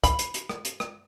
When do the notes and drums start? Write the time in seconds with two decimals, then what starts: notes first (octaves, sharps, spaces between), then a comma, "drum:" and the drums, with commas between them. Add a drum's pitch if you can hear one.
0.04 B5, drum: kick, hi-hat
0.19 drum: hi-hat
0.34 drum: hi-hat
0.49 drum: rim click
0.65 drum: hi-hat
0.80 drum: rim click